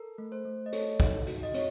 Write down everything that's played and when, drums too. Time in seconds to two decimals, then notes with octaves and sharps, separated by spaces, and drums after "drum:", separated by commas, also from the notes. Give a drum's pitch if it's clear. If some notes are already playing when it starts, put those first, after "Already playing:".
Already playing: A4 A#4
0.18 A3
0.32 C5
0.45 A3
0.66 D#5
0.73 A4 C#5, drum: hi-hat
1.00 D#4, drum: kick, hi-hat
1.27 F#4, drum: hi-hat
1.43 D#5
1.54 C4 C#5, drum: hi-hat